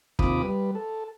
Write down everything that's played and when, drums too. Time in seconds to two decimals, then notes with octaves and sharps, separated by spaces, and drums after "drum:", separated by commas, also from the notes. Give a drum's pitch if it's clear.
0.19 D#2 C3 F4 B5 D6 D#6, drum: kick
0.43 G3 B4
0.75 A4